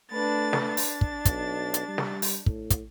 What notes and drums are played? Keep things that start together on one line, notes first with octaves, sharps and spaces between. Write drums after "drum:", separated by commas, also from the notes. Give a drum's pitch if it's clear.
A3 D4 B4 A6
drum: snare
D4 A6
drum: open hi-hat
drum: kick
B1, drum: kick, hi-hat
drum: hi-hat
G3
drum: snare
drum: open hi-hat
A2, drum: kick
drum: kick, hi-hat